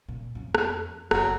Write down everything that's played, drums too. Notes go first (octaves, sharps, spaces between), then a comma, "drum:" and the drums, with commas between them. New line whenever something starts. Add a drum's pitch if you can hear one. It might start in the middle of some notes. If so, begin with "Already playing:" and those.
A#2
F2 C#4
drum: rim click
F#1 F#3, drum: rim click